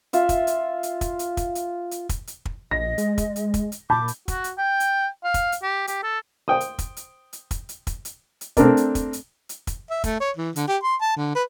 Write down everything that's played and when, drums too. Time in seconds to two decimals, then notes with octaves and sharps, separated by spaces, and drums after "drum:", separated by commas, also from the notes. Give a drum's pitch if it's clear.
0.13 F4 E5, drum: hi-hat
0.29 drum: kick, hi-hat
0.47 drum: hi-hat
0.83 drum: hi-hat
1.01 drum: kick, hi-hat
1.19 drum: hi-hat
1.37 drum: kick, hi-hat
1.55 drum: hi-hat
1.91 drum: hi-hat
2.09 drum: kick, hi-hat
2.27 drum: hi-hat
2.45 drum: kick
2.71 A#1 D#5 A#6
2.98 G#3, drum: hi-hat
3.18 drum: kick, hi-hat
3.36 drum: hi-hat
3.54 drum: kick, hi-hat
3.72 drum: hi-hat
3.90 A#2 A5 B5 D6 G6
4.08 drum: hi-hat
4.28 F#4, drum: kick, hi-hat
4.44 drum: hi-hat
4.58 G5
4.80 drum: hi-hat
5.24 F5
5.34 drum: kick, hi-hat
5.52 drum: hi-hat
5.62 G4
5.87 G4, drum: hi-hat
6.03 A4
6.48 C5 G5 D#6
6.60 drum: hi-hat
6.79 drum: kick, hi-hat
6.97 drum: hi-hat
7.33 drum: hi-hat
7.51 drum: kick, hi-hat
7.69 drum: hi-hat
7.87 drum: kick, hi-hat
8.05 drum: hi-hat
8.41 drum: hi-hat
8.57 A3 C4 D4 A4 A#4 D5, drum: kick, hi-hat
8.77 drum: hi-hat
8.95 drum: kick, hi-hat
9.13 drum: hi-hat
9.49 drum: hi-hat
9.67 drum: kick, hi-hat
9.90 E5
10.04 A3, drum: kick, hi-hat
10.20 C#5
10.37 E3
10.56 D3, drum: hi-hat
10.68 G4
10.83 C6
11.01 A5
11.16 D3
11.35 B4